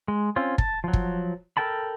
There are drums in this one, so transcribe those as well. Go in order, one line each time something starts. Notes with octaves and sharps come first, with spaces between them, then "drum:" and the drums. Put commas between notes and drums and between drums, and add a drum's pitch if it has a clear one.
G#3
C4 C#4 F4
A5, drum: kick
F3 F#3
drum: kick
A4 A#4 G5 A5 B5